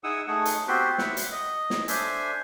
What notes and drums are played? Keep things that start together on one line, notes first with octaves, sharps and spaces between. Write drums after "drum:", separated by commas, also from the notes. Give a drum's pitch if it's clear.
D#4 E4 G#4 F#5 D#6 E6
A3 D#4 G#4 F#5
drum: hi-hat
B3 C4 F#4 G4 B4 C5
B4 E5 F#5, drum: snare
drum: hi-hat
D#5
drum: snare
D4 A4 C5 E5 G#5, drum: hi-hat